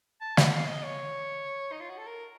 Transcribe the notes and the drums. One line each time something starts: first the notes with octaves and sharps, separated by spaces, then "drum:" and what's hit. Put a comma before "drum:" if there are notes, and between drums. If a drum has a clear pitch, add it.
A5
F#5, drum: snare
F5
D#5
C#5
D#4
F4
F#4
A4
A#4